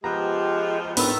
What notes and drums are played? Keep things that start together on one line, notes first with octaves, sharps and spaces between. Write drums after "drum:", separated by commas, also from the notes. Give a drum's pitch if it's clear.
F3 G#3 B3 G4 G5 A#5
A2 D#3 B3 D4 A4 B4 E5, drum: open hi-hat